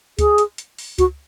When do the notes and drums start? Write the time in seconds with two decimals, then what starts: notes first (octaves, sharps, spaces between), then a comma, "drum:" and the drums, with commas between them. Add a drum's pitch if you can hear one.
0.19 G#4, drum: kick C#2, hi-hat
0.38 drum: hi-hat
0.58 drum: hi-hat
0.78 drum: open hi-hat
0.99 F#4, drum: kick C#2, hi-hat